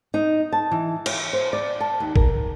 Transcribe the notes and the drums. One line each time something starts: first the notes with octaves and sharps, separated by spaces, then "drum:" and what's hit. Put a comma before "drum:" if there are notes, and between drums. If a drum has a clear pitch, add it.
D#4
A5
E3
C#5, drum: cymbal
C5
D5
A5
D#2
A#4, drum: kick